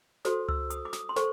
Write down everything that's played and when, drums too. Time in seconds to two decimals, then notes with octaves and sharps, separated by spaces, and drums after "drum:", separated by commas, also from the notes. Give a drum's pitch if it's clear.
0.25 F#4 A4 C5 D#6, drum: snare
0.49 E6, drum: tom C#2
0.70 D#6, drum: hi-hat
0.85 D6
0.93 D#6, drum: snare
1.09 C6
1.16 A4 C5 C#6, drum: snare